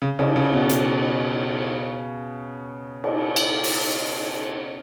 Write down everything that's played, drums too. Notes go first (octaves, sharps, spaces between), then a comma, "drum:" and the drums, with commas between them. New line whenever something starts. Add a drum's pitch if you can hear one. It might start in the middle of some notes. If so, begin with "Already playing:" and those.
C#3
C#3, drum: cymbal
C#3
B2
B2, drum: hi-hat
drum: cymbal
drum: cymbal
drum: open hi-hat